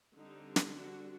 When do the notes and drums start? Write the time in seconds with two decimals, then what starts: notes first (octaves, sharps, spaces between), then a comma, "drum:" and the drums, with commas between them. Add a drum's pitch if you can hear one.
0.17 D3 G3 C4 D#4
0.56 drum: snare
0.75 D4 F#4